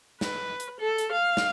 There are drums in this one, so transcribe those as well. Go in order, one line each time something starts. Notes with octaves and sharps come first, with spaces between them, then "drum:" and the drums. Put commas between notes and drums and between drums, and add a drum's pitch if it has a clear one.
B4, drum: snare
drum: hi-hat
A4
drum: hi-hat
F5
drum: snare